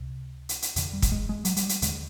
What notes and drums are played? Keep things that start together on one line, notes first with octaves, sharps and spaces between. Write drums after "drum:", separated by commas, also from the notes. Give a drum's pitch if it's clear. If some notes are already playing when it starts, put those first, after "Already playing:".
Already playing: C#2 C3
drum: hi-hat
drum: hi-hat
F2 D3, drum: hi-hat
G3
drum: kick, hi-hat
G#3
G#3
F#3, drum: hi-hat
G3, drum: hi-hat
drum: hi-hat
D#2 D3 G#3, drum: hi-hat